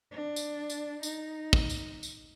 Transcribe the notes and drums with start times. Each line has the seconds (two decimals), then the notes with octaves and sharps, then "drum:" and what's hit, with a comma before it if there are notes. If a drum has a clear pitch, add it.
0.11 D4
0.36 drum: tambourine
0.70 drum: tambourine
1.03 D#4, drum: tambourine
1.53 drum: kick
1.70 drum: tambourine
2.03 drum: tambourine